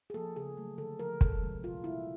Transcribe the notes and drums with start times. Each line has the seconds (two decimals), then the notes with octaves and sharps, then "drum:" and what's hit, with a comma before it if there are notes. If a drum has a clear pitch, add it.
0.10 G#4
0.14 F3 A#3 A4
0.36 C#3 G#4
0.57 F#3 A3
0.78 D3 A4
0.99 F3 G#3 A#4
1.21 C3 A4, drum: kick
1.43 F3 G#3
1.63 A#2 F4
1.84 G3 A#3 E4